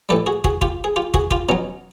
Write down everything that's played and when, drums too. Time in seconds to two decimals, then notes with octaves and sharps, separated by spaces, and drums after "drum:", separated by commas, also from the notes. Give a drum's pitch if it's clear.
0.09 A2 E3 G3 G4 A4
0.26 F#4 G#4
0.44 F#4 G#4, drum: kick
0.61 F4 G4, drum: kick
0.84 G#4
0.96 F4 G4
1.14 F#4 G#4, drum: kick
1.31 F4 G4, drum: kick
1.49 B2 F#3 C#4 D#4